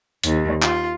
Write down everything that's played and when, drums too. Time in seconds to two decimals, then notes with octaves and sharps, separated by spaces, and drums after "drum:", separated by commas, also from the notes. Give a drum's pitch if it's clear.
0.24 D#2, drum: hi-hat
0.62 F4, drum: clap